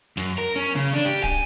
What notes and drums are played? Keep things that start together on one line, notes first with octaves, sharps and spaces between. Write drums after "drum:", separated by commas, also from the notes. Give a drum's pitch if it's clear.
F#2, drum: snare
A#4
C#4
C#3
D4
G4
G#5, drum: kick